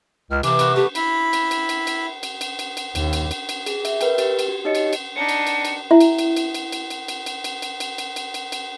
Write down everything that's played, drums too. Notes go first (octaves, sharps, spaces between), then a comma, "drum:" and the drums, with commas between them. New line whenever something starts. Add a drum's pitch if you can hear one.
C#2 F6
C3 E3 A#3 D6, drum: cymbal
B3 E4 F#4, drum: cymbal
A3 G4
E4 B5, drum: cymbal
drum: cymbal
drum: cymbal
drum: cymbal
drum: cymbal
drum: cymbal
drum: cymbal
drum: cymbal
drum: cymbal
D#2, drum: cymbal
drum: cymbal
drum: cymbal
drum: cymbal
G#4, drum: cymbal
E5, drum: cymbal
A#4 B4 G5, drum: cymbal
G4, drum: cymbal
drum: cymbal
F#4
D#4 G4 C#5 D#5 C#7
drum: cymbal
drum: cymbal
D4 D#4 C#7
drum: cymbal
drum: cymbal
drum: cymbal
E4 E5
drum: cymbal
drum: cymbal
drum: cymbal
drum: cymbal
drum: cymbal
drum: cymbal
drum: cymbal
drum: cymbal
drum: cymbal
drum: cymbal
drum: cymbal
drum: cymbal
drum: cymbal
drum: cymbal
drum: cymbal